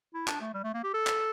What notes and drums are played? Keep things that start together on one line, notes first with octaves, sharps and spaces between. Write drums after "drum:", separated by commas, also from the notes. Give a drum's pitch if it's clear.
E4
D4, drum: clap
A3
G3
A3
A#3
G4
A4
drum: clap